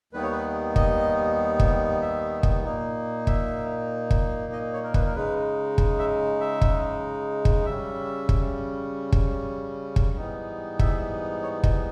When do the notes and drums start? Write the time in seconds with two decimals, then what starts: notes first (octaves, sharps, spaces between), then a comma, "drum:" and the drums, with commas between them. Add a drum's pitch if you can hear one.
0.13 D#2 D#3 G3 B3 D#4 B4
0.23 C#5
0.32 B4
0.76 D#5, drum: kick
1.60 drum: kick
2.01 E5
2.43 drum: kick
2.64 A#2 A#3 D#4
3.27 E5, drum: kick
4.11 drum: kick
4.53 D#5
4.73 C#5
4.84 A#4
4.94 B4, drum: kick
5.06 A#4
5.15 C#3 G#3 D#4 B4
5.78 drum: kick
5.99 E5
6.41 E5
6.61 drum: kick
7.45 drum: kick
7.66 C#3 G3 C#4 E5
8.29 drum: kick
9.12 drum: kick
9.96 drum: kick
10.17 G#2 E3 G3 B3 D#4
10.79 E5, drum: kick
11.43 C#5
11.63 D#5, drum: kick